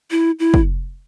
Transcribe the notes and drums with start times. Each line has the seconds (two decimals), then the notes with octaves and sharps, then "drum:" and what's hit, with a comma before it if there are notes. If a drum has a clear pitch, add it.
0.11 E4
0.39 E4
0.54 drum: kick